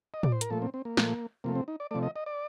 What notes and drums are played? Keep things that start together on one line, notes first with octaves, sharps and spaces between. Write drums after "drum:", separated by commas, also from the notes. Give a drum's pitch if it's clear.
D#5
D5, drum: tom
C5
A#4, drum: hi-hat
A#2 F3 A3 A4
C4
C4
A#3
A#2 F3 A3, drum: snare
C3 F3 A3 A#3
C4
D#4
D5
C3 F3 A3 D5
D#5
D#5
D5